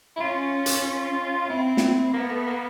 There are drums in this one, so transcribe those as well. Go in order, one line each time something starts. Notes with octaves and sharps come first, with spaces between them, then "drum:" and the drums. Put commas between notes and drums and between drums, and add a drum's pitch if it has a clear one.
E4
C#4 F4
drum: hi-hat
C4 E4
drum: snare
A#3 B3
A3
A#3